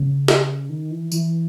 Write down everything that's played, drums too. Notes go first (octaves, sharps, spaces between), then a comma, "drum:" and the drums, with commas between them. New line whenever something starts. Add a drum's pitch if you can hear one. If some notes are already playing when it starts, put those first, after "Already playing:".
Already playing: C#3
drum: snare
D#3
E3
E3, drum: tambourine